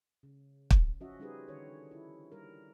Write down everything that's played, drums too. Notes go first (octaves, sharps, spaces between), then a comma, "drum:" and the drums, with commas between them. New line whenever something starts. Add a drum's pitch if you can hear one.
C#3
drum: kick
F3 C#4 F#4 D#5 E5
G3 C#4 D#4 G4 G#4 B4
D3 D#3 C#5
E4
G3 A#4